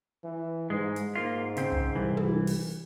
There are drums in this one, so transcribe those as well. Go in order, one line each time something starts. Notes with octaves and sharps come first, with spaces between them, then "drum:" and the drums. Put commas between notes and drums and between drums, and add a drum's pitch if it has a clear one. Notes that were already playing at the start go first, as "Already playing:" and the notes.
E3
G#2 G#3
drum: hi-hat
G#2 A#3 F4
C#3 C4, drum: hi-hat
drum: kick
C2 E3
drum: tom
drum: open hi-hat